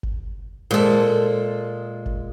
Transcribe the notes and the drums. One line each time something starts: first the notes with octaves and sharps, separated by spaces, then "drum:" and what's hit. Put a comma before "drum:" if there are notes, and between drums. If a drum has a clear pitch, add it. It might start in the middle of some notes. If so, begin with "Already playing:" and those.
drum: kick F#1
A#2 G#3 A4 C5
drum: kick F#1